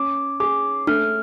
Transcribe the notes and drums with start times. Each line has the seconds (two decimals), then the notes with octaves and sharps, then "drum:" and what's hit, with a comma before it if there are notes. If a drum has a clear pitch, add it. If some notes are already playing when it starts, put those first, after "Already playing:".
Already playing: C#4 D6
0.40 G#4 D6
0.87 A3 F6, drum: tom D4